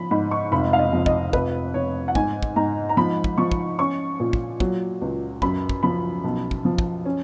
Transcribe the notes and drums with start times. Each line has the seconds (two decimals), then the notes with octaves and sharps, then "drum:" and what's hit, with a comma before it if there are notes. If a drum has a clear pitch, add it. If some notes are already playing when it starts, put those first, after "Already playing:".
Already playing: F3 B5
0.11 G#2 B5
0.31 C#6
0.52 F1 B5
0.73 F5
0.79 D#5
0.93 F2
1.06 D#5, drum: kick
1.33 F1 B4, drum: kick
1.74 F1 C#5
2.08 F#5
2.15 G#2 G#5, drum: kick
2.43 drum: kick
2.56 G#2 A#5
2.89 A#5
2.97 F3 B5
3.24 drum: kick
3.38 F3 C#6
3.52 drum: kick
3.79 C#4 C#6
4.20 A#2
4.33 drum: kick
4.60 F#3, drum: kick
5.02 C#2
5.42 F#2 B5, drum: kick
5.69 drum: kick
5.83 F3 B5
6.24 B1
6.51 drum: kick
6.65 F3
6.78 drum: kick
7.05 C#4